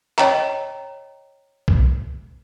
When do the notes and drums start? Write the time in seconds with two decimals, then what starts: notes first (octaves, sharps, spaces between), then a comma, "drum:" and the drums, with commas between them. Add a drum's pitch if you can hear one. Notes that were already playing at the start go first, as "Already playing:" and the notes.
0.18 C#5 D#5 G5 A#5, drum: clap
1.68 drum: kick C2